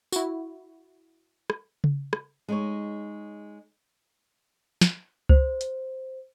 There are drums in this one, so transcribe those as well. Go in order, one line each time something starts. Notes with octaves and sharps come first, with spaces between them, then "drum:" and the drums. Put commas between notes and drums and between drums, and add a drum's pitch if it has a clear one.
E4 F#4, drum: tambourine
drum: rim click
drum: tom C#3
drum: rim click
G#3 D#4 C#5
drum: snare
C5, drum: kick C#2
drum: hi-hat